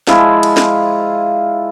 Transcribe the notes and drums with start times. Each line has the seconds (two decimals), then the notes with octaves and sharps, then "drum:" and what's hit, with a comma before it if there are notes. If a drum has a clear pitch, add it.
0.07 F3 G#3 E4 F4, drum: snare
0.43 drum: cymbal
0.57 drum: snare